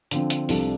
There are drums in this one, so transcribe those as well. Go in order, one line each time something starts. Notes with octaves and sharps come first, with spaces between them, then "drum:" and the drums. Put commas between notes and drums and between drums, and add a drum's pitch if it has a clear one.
D3 F3 C4, drum: hi-hat
drum: hi-hat
C2 C3 F3 D4 A4, drum: open hi-hat